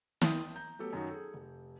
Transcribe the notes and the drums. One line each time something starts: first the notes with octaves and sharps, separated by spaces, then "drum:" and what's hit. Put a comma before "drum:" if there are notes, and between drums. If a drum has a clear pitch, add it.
G5 A5 C6 D#6 G6, drum: snare
A#5 G6
F#3 A3 B3 G4 A4
F#2 D#3 F#3 D#4 F#4
G#4 A4
F1